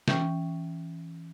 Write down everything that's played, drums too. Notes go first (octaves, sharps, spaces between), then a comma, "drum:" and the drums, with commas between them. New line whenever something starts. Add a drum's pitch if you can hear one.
E3 C#4 G5 C#6, drum: snare